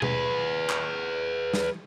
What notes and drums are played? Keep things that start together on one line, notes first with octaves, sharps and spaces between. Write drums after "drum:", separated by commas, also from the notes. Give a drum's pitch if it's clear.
G#4 B4, drum: tom B2
drum: clap
drum: snare